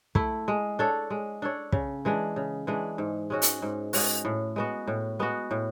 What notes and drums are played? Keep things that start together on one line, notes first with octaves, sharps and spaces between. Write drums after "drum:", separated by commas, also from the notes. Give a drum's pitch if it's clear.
A3 E4, drum: kick
G#3
D4 A4 C#5
G#3
D4 A4 C#5
C#3, drum: kick
E3 G#3 D4
C#3
E3 G#3 D4
G#2
G#3 C#4 F#4
drum: hi-hat
G#2
G#3 C#4 F#4, drum: open hi-hat
A2
G#3 B3 F#4
A2
G#3 B3 F#4
A2